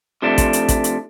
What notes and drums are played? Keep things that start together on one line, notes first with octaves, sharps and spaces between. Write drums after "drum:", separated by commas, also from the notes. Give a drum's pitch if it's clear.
C3 F3 A3 D4
drum: kick A1, hi-hat
drum: hi-hat
drum: kick A1, hi-hat
drum: hi-hat